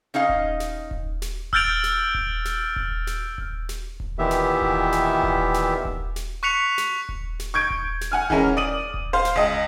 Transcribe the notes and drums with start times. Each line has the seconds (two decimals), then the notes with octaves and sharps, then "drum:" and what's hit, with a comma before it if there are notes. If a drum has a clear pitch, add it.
0.14 C#4 D#4 D#5 F5
0.29 drum: kick D#1
0.60 drum: snare
0.91 drum: kick D#1
1.22 drum: snare
1.53 E6 F6 G6 A6 D7 F7, drum: kick D#1
1.84 drum: snare
2.15 drum: kick D#1
2.45 drum: snare
2.76 drum: kick D#1
3.07 drum: snare
3.38 drum: kick D#1
3.69 drum: snare
4.00 drum: kick D#1
4.19 A#2 D#3 E3 B3 G4 E5
4.31 drum: snare
4.62 drum: kick D#1
4.92 drum: snare
5.23 drum: kick D#1
5.54 drum: snare
5.85 drum: kick D#1
6.16 drum: snare
6.43 C#6 F#6 B6 C#7 F7
6.78 drum: snare
7.09 drum: kick D#1
7.40 drum: snare
7.54 C#6 G6 G#6 D7
7.70 drum: kick D#1
8.01 drum: snare
8.12 F#5 G#5 F6
8.30 E3 G#3 C#4 A#4, drum: kick D#1
8.57 D5 D#6 D#7 F#7
8.94 drum: kick D#1
9.13 C5 F5
9.25 drum: snare
9.36 C#2 D#5